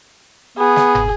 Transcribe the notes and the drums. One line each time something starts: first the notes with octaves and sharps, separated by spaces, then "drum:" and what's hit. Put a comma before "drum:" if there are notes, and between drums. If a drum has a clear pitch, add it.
B3 G#4
drum: snare
drum: tom